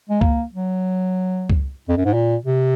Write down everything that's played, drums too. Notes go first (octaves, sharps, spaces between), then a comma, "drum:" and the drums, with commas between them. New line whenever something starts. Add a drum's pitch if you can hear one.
G#3
A#3, drum: kick
F#3
drum: kick
F2
F#2
G#2
A#2
C3